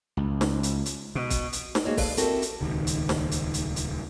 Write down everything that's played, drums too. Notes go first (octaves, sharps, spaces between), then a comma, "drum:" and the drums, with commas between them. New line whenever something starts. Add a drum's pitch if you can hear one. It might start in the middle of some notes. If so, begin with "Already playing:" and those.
C#2
drum: snare
drum: hi-hat
drum: hi-hat
B2
drum: kick, hi-hat
drum: hi-hat
drum: snare
G#3 A#3 F#4 G#4 C#5 G5
A4 B4 D5 F5, drum: kick, open hi-hat
C4 E4 F#4 G4 A4 A#4, drum: hi-hat
drum: hi-hat
D#1 C#2 D#3
drum: hi-hat
drum: snare
drum: hi-hat
drum: hi-hat
drum: hi-hat